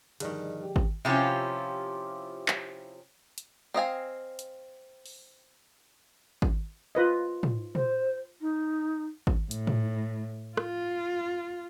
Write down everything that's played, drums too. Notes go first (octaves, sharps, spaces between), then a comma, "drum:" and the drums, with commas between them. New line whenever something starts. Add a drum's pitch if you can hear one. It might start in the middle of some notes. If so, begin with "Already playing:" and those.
G2 D3 D#3 F3 G#4 D5 D#5, drum: cymbal
G4
drum: kick G#1
C3 F3 C#4 E4 F4 G4
drum: clap
drum: hi-hat
C4 D#5 F5 G#5
drum: hi-hat
drum: open hi-hat
drum: kick G#1
F4 B4 D#5
drum: tom
C5, drum: tom
D#4
drum: kick G#1
A2, drum: hi-hat
drum: tom
F4, drum: rim click